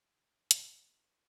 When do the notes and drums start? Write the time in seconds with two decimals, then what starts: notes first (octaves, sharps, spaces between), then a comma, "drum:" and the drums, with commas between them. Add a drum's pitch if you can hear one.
0.07 G#4
0.51 drum: hi-hat